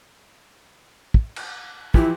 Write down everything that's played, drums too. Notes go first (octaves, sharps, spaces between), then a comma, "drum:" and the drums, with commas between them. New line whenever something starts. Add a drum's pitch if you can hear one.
drum: kick
drum: cymbal
E3 F3 E4 G4, drum: kick